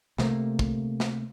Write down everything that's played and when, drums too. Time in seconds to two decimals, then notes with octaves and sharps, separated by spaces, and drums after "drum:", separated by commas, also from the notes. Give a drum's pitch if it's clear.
0.18 C3 A3 A#3, drum: snare
0.59 drum: kick
1.00 drum: snare